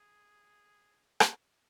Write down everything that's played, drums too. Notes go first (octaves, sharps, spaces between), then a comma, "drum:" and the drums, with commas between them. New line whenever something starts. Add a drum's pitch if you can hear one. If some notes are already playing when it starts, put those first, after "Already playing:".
Already playing: G#4
drum: rim click